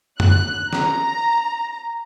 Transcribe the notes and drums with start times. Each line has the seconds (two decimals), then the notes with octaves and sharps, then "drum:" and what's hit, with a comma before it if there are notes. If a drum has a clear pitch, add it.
0.20 F#6, drum: tom
0.73 A#5, drum: snare